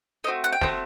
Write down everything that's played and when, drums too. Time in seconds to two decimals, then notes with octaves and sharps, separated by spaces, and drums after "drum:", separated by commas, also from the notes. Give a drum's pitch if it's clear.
0.24 A3 C4 F#4 D#5
0.44 F#5, drum: hi-hat
0.52 G5
0.61 A3 C4 F#4, drum: snare